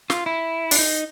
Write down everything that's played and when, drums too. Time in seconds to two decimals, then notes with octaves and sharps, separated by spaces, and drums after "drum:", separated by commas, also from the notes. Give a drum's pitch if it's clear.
0.10 F4, drum: snare
0.26 E4
0.71 D4, drum: open hi-hat
0.79 D#4